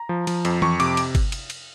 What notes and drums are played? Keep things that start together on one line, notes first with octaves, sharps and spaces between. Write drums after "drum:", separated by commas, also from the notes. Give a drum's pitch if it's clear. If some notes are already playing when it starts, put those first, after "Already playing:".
Already playing: A#5
F3
F3, drum: cymbal
F2, drum: cymbal
F2 C#6, drum: tom E3
C3 D6, drum: cymbal
drum: cymbal
drum: kick G1, cymbal
drum: cymbal
drum: cymbal